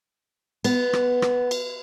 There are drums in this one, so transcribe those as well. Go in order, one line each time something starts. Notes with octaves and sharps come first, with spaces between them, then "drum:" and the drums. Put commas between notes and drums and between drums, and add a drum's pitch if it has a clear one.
B3, drum: cymbal
drum: rim click
drum: rim click
drum: cymbal